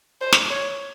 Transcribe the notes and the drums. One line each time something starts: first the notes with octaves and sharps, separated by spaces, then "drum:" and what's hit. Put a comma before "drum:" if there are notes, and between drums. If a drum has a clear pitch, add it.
C5
drum: snare
C#5